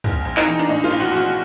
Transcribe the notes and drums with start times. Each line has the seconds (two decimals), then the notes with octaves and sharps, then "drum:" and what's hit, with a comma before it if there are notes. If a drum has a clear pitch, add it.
0.04 A#1, drum: tom
0.25 A#1
0.37 D#4, drum: clap
0.48 E3
0.59 D4
0.69 A2 D#4
0.84 F4
0.91 A#1
1.00 F#4
1.12 A#1 F#4